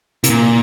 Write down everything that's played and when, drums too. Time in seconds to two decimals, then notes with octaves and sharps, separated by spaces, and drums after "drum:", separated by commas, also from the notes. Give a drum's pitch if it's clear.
0.24 C3, drum: hi-hat
0.30 A#2